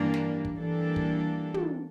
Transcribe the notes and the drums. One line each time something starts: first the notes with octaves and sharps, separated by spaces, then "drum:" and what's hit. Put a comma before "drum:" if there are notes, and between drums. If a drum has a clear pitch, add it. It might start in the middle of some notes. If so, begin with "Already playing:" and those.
Already playing: G2 E3 G3 A#3 D4
drum: snare
drum: kick
E3 G3 A#3 D4 A4
drum: kick
drum: tom